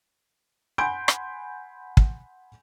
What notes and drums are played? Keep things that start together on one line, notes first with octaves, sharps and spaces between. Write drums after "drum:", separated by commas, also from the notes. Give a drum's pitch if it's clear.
F#5 G#5 B5 C6 G6 D7
drum: rim click
drum: kick